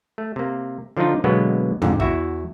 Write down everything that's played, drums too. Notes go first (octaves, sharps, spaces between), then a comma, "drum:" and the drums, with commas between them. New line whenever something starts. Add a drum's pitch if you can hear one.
A3
C3 A#3
D3 F3 D4 D#4 F4
B2 D3 F#3 G#3 A#3 B3
F2 G#2 D3, drum: tom
E2 E4 F#4 E5, drum: kick